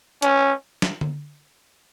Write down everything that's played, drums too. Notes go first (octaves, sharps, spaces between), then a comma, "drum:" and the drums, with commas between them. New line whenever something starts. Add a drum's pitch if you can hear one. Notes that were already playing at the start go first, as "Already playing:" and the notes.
C#4, drum: hi-hat
drum: snare
drum: tom D3